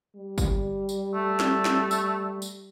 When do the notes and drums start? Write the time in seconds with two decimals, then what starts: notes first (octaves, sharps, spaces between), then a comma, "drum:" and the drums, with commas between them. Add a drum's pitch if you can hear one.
0.16 G3
0.38 drum: kick G1, tambourine
0.89 drum: tambourine
1.14 A3
1.40 drum: snare
1.65 drum: snare
1.91 drum: tambourine
2.42 drum: tambourine